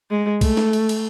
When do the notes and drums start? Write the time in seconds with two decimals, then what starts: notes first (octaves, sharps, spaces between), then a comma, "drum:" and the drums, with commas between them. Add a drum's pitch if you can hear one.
0.10 G#3
0.41 A3, drum: kick, cymbal
0.57 drum: snare
0.73 drum: cymbal
0.89 drum: cymbal